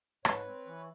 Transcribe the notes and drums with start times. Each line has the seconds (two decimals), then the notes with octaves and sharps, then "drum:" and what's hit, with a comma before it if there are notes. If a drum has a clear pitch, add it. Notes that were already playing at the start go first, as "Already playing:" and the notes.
0.25 G#2 B4 C#5, drum: rim click
0.46 C4
0.66 E3